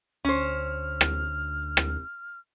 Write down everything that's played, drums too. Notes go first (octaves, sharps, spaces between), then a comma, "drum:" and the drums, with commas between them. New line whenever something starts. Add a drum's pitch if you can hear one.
D2 C#4 C5 F6
drum: rim click
drum: rim click